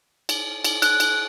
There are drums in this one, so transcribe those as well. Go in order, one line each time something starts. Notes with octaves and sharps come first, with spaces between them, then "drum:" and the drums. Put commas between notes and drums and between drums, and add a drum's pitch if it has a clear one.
drum: cymbal
drum: cymbal
F#6, drum: cymbal
drum: cymbal